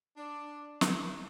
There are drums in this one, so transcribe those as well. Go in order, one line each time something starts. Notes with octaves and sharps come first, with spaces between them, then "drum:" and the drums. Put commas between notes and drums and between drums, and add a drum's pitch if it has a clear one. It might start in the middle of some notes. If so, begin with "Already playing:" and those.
D4
drum: snare